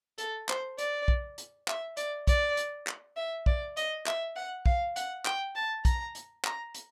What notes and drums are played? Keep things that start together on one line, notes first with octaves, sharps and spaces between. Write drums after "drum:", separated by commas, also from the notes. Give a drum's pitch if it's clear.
A4, drum: hi-hat
C5, drum: clap
D5, drum: hi-hat
drum: kick
drum: hi-hat
E5, drum: clap
D5, drum: hi-hat
D5, drum: kick, hi-hat
drum: hi-hat
drum: clap
E5
D5, drum: kick
D#5, drum: hi-hat
E5, drum: clap
F#5
F5, drum: kick
F#5, drum: hi-hat
G5, drum: clap
A5
A#5, drum: kick, hi-hat
drum: hi-hat
A#5, drum: clap
drum: hi-hat